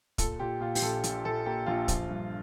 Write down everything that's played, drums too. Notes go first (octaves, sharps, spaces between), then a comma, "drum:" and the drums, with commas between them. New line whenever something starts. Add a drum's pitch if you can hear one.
A#2 A4, drum: kick, hi-hat
A#2 G4
A#2 F4
G4, drum: open hi-hat
A#1 A4
A#1, drum: hi-hat
A#1 A4
A#3 G4
A#1 F4
F3, drum: kick, hi-hat
G2